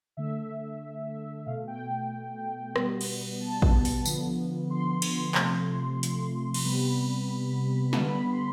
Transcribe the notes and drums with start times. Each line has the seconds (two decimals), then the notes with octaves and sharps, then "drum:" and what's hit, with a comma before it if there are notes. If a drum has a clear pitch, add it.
0.17 D3 A3 E5
1.46 B2 A3 F5
1.67 G5
2.76 B2 G3 B3, drum: rim click
3.01 drum: cymbal
3.40 A5
3.62 drum: kick
3.85 drum: open hi-hat
4.05 D3 F3 B3, drum: tambourine
4.70 C6
5.02 C6, drum: cymbal
5.35 C3 F3 A3, drum: clap
6.03 drum: hi-hat
6.54 C6, drum: cymbal
6.64 C3 G3 B3 B5
7.93 D3 G3 B3 A5, drum: snare
8.09 B5
8.32 C6